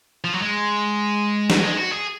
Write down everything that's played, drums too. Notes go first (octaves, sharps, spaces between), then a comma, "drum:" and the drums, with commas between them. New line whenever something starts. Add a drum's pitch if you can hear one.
F3
F#3
G#3
F#3, drum: snare
G#3
F#4
G#4